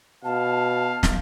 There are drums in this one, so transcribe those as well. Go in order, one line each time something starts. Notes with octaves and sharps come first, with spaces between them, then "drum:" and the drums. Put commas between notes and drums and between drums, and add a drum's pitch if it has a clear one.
B2 F5 A5
drum: snare